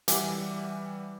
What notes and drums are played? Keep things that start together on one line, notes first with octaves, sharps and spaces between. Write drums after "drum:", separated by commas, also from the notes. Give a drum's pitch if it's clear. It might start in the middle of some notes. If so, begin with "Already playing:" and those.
E3 G3 E5 F#5 G#5 D6, drum: hi-hat